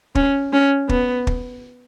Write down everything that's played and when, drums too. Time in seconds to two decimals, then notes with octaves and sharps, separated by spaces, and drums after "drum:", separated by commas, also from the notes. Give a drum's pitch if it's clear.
0.15 C#4, drum: kick
0.53 C#4
0.89 B3, drum: kick
1.27 drum: kick